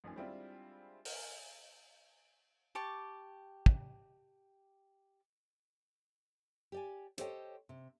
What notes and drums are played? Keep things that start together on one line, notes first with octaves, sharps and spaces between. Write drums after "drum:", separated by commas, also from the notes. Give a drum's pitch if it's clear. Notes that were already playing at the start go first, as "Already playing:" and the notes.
A1 F2 D#3 G#5
G3 G#3 C4 D4 E4 F4
A#4, drum: open hi-hat
G4 A5 C#6 D6
drum: kick
G4 D5 G#5
G4 A4 C5 C#5 D#5 G5, drum: hi-hat
C3